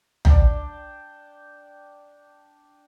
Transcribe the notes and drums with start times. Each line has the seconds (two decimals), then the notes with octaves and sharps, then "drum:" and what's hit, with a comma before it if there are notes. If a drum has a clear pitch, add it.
0.25 D4 G5, drum: tom